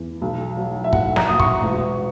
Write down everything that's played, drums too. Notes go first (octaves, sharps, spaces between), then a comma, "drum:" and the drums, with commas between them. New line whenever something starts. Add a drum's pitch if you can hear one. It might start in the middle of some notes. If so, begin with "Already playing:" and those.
Already playing: E2
B1
F#3
E5
B1 F#5, drum: kick
A#5, drum: snare
A#2 D#6
C#6, drum: kick
E1